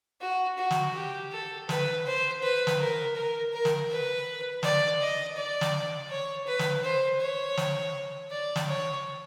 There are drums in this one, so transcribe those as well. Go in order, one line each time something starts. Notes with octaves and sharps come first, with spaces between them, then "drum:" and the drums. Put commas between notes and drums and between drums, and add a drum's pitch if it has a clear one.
F#4
F#4
drum: snare
G4
A4
B4, drum: snare
C5
B4
drum: snare
A#4
A#4
A#4
drum: snare
B4
D5, drum: snare
D#5
D5
drum: snare
C#5
B4
drum: snare
C5
C#5
drum: snare
D5
drum: snare
C#5